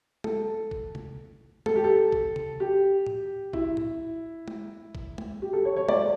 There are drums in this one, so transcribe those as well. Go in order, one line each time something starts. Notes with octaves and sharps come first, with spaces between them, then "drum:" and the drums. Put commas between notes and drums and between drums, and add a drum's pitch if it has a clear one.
A4, drum: tom
drum: kick
drum: tom C3
A4, drum: tom
G4
A4
drum: kick
drum: tom C3
G4
drum: tom A2
E4, drum: kick
drum: tom A2
drum: tom
drum: kick
drum: tom
G4
A4
C#5
C#5
D5, drum: tom